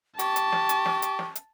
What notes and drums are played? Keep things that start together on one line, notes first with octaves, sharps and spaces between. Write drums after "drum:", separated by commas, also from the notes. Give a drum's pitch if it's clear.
G4 A5 C#6, drum: hi-hat
drum: hi-hat
drum: snare
drum: hi-hat
drum: snare
drum: hi-hat
drum: snare
drum: hi-hat